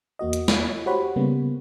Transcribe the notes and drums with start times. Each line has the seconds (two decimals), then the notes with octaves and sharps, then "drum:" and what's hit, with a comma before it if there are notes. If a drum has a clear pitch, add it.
0.19 E2 A#3 F#4 D#5
0.33 drum: hi-hat
0.48 drum: snare
0.86 F#4 G4 C5 C#5 F#5 B5
1.16 C#3 G3 A#3 B3